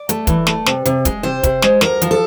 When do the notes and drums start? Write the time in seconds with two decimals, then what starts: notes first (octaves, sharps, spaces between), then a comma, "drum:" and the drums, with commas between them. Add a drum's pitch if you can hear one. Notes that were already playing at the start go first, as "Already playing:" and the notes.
Already playing: D5
0.09 A3, drum: hi-hat
0.27 E3, drum: kick, hi-hat
0.47 A3, drum: snare
0.66 C3, drum: snare
0.85 C3, drum: hi-hat
1.05 G#3, drum: kick, hi-hat
1.23 C3 C5
1.43 C3, drum: kick, hi-hat
1.62 G#3, drum: snare
1.81 D2 A#4, drum: snare
2.02 F3, drum: hi-hat
2.11 A4